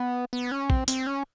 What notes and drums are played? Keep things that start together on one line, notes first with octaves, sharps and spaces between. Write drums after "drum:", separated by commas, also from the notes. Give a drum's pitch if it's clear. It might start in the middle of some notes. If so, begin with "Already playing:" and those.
Already playing: B3
B3
C#4
C4, drum: kick
C4, drum: hi-hat
C#4